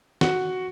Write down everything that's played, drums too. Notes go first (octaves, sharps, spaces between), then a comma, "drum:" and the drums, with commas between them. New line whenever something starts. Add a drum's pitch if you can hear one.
F#4, drum: snare